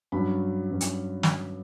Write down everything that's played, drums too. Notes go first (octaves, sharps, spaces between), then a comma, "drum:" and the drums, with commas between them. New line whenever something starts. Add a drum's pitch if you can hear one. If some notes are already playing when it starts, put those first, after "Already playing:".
G2 F#3 C#4 B5
G2 F#3 C#4
drum: hi-hat
drum: snare